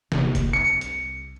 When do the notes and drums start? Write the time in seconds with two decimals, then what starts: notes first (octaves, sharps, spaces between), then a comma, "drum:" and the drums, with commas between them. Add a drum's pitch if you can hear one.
0.12 C3 A#3, drum: snare
0.35 drum: kick, hi-hat
0.53 C2 C#7
0.81 drum: hi-hat